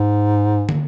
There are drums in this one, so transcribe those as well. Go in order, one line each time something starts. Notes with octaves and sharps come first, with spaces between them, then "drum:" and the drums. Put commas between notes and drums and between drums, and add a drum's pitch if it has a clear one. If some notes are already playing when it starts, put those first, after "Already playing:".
Already playing: G#2
drum: tom